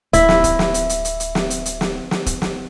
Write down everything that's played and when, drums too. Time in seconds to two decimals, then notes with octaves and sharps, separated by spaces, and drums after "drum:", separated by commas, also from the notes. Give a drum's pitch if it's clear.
0.13 D1 E4 E5, drum: hi-hat
0.29 drum: snare
0.44 drum: kick D#1, hi-hat
0.59 drum: snare
0.74 drum: hi-hat
0.89 drum: hi-hat
1.05 drum: hi-hat
1.20 drum: hi-hat
1.35 drum: snare
1.50 drum: hi-hat
1.66 drum: hi-hat
1.81 drum: snare
2.11 drum: snare
2.26 drum: kick D#1, hi-hat
2.42 drum: snare